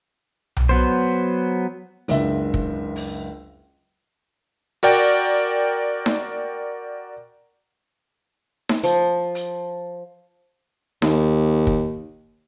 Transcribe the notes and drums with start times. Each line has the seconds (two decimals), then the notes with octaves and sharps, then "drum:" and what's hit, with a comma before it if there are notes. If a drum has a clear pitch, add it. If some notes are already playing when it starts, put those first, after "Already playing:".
0.57 drum: tom B1
0.69 F#3 B3 C5
2.08 F#1 C#2 D4 E5, drum: hi-hat
2.54 drum: kick
2.96 drum: open hi-hat
4.83 F#4 A#4 D5 G5
6.06 drum: snare D#4
8.69 drum: snare D#4
8.84 F3, drum: hi-hat
9.35 drum: hi-hat
11.02 D#2, drum: snare D#4
11.67 drum: kick